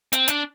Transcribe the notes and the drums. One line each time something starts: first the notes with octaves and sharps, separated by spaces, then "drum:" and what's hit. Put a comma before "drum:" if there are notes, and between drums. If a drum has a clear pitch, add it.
C4, drum: hi-hat
D4, drum: hi-hat